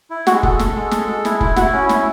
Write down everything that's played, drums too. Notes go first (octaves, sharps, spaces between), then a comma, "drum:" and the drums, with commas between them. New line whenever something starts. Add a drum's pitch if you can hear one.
E4
G#3 F#4 F#5, drum: snare
A4, drum: kick F1
A4, drum: snare
G#3
A4, drum: snare
G#3
E4, drum: snare
E4, drum: kick F1
E4 F#4 F#5, drum: snare
C#4
E4, drum: snare